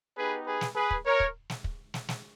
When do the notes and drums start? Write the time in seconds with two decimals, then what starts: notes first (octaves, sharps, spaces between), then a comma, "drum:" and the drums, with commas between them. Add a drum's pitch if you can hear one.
0.17 B3 D#4 G4 G#4 B4
0.46 G#4 B4
0.61 drum: snare
0.76 G#4 B4
0.91 drum: kick
1.05 A#4 C#5
1.20 drum: kick
1.50 drum: snare
1.64 drum: kick
1.94 drum: snare
2.09 drum: snare